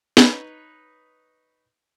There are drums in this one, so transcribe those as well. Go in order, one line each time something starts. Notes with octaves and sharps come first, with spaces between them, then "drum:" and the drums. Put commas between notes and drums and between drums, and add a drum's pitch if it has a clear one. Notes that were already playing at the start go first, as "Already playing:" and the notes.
D#4 B4 C#5 B5, drum: snare